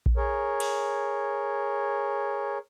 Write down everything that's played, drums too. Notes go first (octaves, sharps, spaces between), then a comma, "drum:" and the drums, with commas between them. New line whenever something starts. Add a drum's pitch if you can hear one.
drum: kick A#1
G#4 A#4 C#5
drum: cymbal